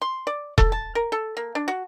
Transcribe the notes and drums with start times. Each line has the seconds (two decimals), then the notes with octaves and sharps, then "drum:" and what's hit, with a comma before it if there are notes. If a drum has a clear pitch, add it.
0.02 C6
0.27 D5
0.58 A4, drum: kick E1
0.72 A5
0.95 A#4
1.12 A4
1.37 A#3
1.55 D4
1.68 F#4